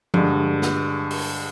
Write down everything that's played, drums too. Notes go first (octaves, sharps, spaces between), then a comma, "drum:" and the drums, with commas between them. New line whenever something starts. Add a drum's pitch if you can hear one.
G2 D3 G#3, drum: tom F3
drum: snare
drum: open hi-hat